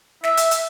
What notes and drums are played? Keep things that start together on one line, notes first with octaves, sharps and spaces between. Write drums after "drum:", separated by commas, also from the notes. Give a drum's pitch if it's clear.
E5, drum: snare
drum: hi-hat
drum: hi-hat